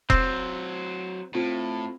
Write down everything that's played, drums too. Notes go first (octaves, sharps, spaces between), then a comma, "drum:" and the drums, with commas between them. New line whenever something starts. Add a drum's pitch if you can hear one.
F#3 C4 C5, drum: kick E1
A2 C4 F4